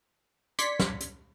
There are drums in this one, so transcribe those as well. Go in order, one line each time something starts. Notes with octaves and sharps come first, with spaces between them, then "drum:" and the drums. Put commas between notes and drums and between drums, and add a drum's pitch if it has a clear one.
D5 C6 G#6 B6 C#7, drum: hi-hat
drum: snare
drum: hi-hat